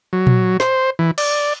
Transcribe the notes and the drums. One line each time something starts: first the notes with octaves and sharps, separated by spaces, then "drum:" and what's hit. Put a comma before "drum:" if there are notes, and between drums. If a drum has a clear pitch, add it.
F#3
drum: tom A#2
C5, drum: snare
E3
D5, drum: cymbal